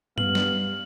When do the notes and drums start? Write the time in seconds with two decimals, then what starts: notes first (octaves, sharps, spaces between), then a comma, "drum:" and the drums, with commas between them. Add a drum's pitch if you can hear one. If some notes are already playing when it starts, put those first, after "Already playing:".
0.18 G3 B3 F5 F#7, drum: tom G2
0.35 drum: snare